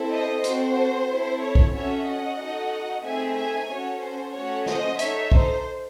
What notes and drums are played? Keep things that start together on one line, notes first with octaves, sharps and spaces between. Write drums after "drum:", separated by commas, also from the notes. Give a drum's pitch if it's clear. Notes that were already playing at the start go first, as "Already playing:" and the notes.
Already playing: C4 E4 A4
C5 D#5
C4 F#4 A4 C5, drum: hi-hat
C4 E4 A4
C#5
drum: kick B1
C#4 F#4 A4 C#5 E5
D#5 F#5
D#4 F#4 A4
A3 C4 D#4 G#4 E5 G#5
E5 G#5
C#4 F#4 A4 C#5
C5
A3 C#4 F#4 C#5
C5 D#5, drum: snare
D#4 A4 C#5 E5, drum: hi-hat
C5, drum: kick B1